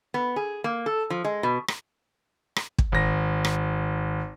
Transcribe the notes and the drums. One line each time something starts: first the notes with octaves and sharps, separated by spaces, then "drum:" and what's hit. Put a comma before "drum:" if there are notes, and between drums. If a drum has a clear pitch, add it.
B3
G#4
A#3
A4
F3
G#3
B2
drum: rim click
drum: rim click
drum: kick
G#1 A#6
drum: rim click